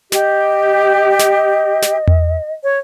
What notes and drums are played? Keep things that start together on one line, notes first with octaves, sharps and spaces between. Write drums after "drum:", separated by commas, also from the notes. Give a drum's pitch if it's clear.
G4 D#5, drum: snare
drum: snare
drum: snare
drum: tom E2
C#5